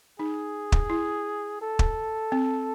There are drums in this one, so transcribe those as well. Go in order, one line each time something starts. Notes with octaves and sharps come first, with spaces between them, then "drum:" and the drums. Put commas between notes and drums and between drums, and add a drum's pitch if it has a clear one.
D#4 G#4
drum: kick
E4
A4
drum: kick
C4